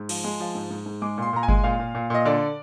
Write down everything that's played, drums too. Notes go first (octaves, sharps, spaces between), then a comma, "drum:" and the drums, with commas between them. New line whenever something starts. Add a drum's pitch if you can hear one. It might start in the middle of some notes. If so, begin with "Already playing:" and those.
Already playing: G#2
F3, drum: cymbal
G#3
F3
G#2
G#2
G#2
G#3 D6
A#2 C6
A#2 A#5
G#5
G#3, drum: kick G1
A#2 F5
A#2
A#2
A#2 D#5
D3 D5